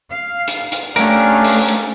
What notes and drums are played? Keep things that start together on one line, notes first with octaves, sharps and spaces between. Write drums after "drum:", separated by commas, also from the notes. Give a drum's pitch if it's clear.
F5
drum: hi-hat
drum: hi-hat
A3 C#4 D4 G4 A#4 F5, drum: hi-hat
drum: open hi-hat
drum: hi-hat